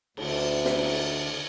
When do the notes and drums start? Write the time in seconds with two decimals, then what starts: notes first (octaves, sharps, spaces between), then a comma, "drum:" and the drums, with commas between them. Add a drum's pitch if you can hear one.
0.17 D2, drum: cymbal
0.65 drum: snare
0.78 drum: cymbal